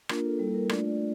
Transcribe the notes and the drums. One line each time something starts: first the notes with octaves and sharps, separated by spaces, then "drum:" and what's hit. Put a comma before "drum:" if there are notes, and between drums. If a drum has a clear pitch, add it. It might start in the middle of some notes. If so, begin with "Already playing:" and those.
A#3 D4 F4 A#4, drum: rim click
A4
G3 A#3 E4 A4
A#4
A3 D4 F4 D5, drum: rim click
D5